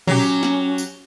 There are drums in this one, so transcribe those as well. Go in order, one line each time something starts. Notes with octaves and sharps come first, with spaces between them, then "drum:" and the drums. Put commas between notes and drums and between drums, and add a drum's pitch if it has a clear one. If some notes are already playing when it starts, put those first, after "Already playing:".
F#3 C#4 G4, drum: tom A#2
drum: snare
drum: tambourine